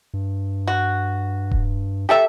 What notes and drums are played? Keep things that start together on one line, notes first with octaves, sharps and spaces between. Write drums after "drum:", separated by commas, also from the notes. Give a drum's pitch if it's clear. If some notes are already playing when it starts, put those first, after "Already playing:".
G2
F#4
drum: kick D#1
G4 A4 E5